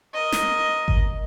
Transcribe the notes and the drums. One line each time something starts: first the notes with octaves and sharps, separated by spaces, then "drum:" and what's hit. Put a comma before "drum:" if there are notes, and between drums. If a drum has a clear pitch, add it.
A#4 D#5
drum: snare
drum: kick G#1